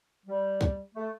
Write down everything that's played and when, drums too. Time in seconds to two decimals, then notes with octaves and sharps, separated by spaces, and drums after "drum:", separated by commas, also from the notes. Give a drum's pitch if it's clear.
0.26 G3
0.61 drum: kick
0.95 A3